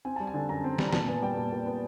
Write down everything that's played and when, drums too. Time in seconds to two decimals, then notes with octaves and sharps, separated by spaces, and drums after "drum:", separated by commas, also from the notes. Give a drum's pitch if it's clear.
0.05 C4 G#5
0.16 G3 A5
0.27 G#5
0.34 D3
0.49 F#2 A#5
0.64 C4
0.79 G3, drum: snare
0.88 A#5
0.93 A#2 A5, drum: snare
1.07 B3 G#5
1.22 G3 G5
1.37 A#2
1.52 A#2
1.66 B3